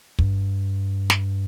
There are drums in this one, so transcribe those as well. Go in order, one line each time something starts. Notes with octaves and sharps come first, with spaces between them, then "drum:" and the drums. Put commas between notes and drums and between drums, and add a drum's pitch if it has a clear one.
G2, drum: kick
drum: snare